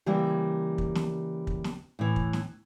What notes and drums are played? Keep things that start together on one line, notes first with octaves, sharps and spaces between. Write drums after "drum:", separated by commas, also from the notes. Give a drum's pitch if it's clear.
C#3 E3 G3 A#3
drum: kick
drum: snare
drum: kick
drum: snare
A2 E3
drum: kick
drum: snare